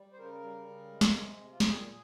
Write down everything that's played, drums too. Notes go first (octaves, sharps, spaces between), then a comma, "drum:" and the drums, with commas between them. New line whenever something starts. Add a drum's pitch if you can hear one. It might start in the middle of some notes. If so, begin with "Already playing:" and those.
Already playing: G3
C5
C#3 A#4
G3
C#3
G#3
drum: snare
C3
C3
F4
G4, drum: snare
A#2 G#4